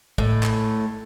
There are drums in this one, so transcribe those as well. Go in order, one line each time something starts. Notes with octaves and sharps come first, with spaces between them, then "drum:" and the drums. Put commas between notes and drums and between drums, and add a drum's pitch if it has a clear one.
A2, drum: kick
drum: clap